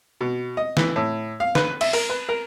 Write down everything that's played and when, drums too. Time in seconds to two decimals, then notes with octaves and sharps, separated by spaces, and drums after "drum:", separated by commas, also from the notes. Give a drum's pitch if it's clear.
0.21 B2
0.57 D#5
0.77 E3, drum: snare
0.96 A2
1.40 F5
1.55 B4, drum: snare
1.81 E5, drum: cymbal
1.93 A#4, drum: open hi-hat
2.10 B4
2.29 A#4